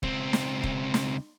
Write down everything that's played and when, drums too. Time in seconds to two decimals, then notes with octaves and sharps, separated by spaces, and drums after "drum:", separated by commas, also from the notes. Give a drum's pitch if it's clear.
0.03 C#2 C4, drum: kick
0.33 drum: snare
0.64 drum: kick
0.94 drum: snare